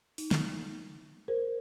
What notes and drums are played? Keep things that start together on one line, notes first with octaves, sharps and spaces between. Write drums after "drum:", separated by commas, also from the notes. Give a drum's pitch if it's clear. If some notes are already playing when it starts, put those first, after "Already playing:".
D#4, drum: open hi-hat
drum: snare
G#4 A#4 C5